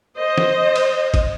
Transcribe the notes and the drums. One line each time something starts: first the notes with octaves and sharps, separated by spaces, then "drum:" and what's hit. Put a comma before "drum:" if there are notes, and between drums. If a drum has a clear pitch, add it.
C5 D#5
drum: snare
drum: cymbal
drum: kick, cymbal